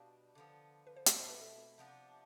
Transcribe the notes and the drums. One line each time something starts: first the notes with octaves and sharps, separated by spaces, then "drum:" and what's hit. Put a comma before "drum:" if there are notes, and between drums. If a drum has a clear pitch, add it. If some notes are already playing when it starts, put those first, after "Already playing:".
Already playing: B2 G3 D4 F5
D3 F3 B3
B4
C5
B2 A3 C4 E4 D5, drum: hi-hat
C5
B4
A4
C3 F3 B3 D4